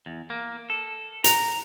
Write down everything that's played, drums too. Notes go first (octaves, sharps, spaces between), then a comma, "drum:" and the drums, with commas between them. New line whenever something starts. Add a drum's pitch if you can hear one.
E2
A#3
A4
A#5, drum: hi-hat